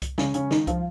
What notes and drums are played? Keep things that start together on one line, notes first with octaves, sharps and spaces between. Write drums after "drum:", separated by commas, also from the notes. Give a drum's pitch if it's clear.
drum: kick C2, hi-hat
C#3 C#4, drum: snare
C#3 C#4, drum: hi-hat
D#3 D#4, drum: snare
F3 F4, drum: kick C2, hi-hat